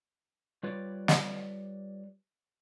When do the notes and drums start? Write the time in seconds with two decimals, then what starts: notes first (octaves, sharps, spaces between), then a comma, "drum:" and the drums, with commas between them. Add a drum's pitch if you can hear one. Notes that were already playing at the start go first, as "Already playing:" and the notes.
0.63 G3 F4 B4 C#5 D5
1.08 drum: snare